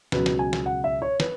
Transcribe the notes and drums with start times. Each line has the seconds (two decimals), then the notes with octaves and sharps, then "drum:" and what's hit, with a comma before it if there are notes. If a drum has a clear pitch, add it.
0.12 C#2 B2 F#3 B4, drum: snare
0.26 drum: snare
0.39 G#5
0.53 drum: snare
0.66 F#5
0.84 E5
1.02 C#5
1.20 B4, drum: snare